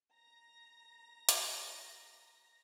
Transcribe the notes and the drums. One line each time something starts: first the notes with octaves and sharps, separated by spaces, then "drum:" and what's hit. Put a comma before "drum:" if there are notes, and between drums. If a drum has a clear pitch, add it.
A#5 A#6
drum: hi-hat